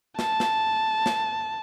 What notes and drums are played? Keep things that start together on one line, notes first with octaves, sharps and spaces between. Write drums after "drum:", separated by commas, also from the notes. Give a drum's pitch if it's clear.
A5, drum: snare
drum: snare
drum: snare